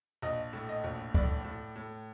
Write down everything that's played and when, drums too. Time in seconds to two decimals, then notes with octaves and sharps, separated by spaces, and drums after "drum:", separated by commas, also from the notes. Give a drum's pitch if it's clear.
0.22 A#1 D#5
0.53 A2
0.69 D#5
0.84 A#1
1.14 A2 D5, drum: kick C#2
1.45 A2
1.76 A2